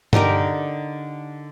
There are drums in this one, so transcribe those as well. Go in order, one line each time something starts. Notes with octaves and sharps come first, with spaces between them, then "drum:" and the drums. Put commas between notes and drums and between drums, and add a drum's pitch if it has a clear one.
D3 D#4 G4 A#4, drum: tom G2